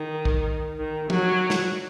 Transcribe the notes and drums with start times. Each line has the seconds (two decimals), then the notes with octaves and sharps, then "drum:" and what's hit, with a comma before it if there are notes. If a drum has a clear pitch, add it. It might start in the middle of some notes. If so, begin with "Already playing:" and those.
Already playing: D#3
0.25 drum: kick
0.79 D#3
1.10 F#3, drum: tom
1.50 drum: snare